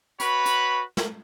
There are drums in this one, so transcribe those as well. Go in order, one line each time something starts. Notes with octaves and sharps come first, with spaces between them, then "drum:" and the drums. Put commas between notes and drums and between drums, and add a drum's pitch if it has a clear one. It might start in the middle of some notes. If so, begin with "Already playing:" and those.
F#4 B4 C#5 B5, drum: hi-hat
drum: hi-hat
drum: snare